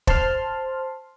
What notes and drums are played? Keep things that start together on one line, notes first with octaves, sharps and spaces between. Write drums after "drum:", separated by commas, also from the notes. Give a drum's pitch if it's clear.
C5 A5 C6 F6, drum: kick